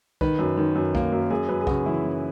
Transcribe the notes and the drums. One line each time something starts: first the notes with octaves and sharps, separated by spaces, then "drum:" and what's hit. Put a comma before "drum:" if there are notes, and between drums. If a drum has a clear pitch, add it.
D#3 B4, drum: kick B1
F#2
D#3
F#2
A#3, drum: kick B1
F#2
F#2 G#4
F#2 B4
G#4
C#3 F#4, drum: kick B1
E3 E4
F#2